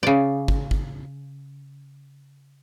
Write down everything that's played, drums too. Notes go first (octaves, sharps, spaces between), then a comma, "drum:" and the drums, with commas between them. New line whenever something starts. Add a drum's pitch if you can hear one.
C#3 D5
drum: kick
drum: kick